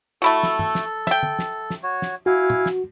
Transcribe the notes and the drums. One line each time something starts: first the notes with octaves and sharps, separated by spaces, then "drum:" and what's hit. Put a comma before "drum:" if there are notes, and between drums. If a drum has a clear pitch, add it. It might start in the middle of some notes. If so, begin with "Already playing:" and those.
A3 E4 F#4 A4
drum: snare
drum: tom
drum: snare
E5 G5, drum: snare
drum: tom
drum: snare
drum: snare
F#4 C#5
drum: snare
E4 F#4 F5 G#5
drum: tom
drum: snare